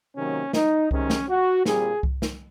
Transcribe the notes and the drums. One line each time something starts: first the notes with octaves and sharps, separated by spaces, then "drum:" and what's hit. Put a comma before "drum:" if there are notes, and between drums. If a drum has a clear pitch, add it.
C3 D#3 F#3 A#3 C#4
D#4, drum: snare
C3 D#3 G#3 C#4, drum: kick C2
drum: snare
F#4
A#2 G3 C4 G#4, drum: snare
drum: kick C2
drum: snare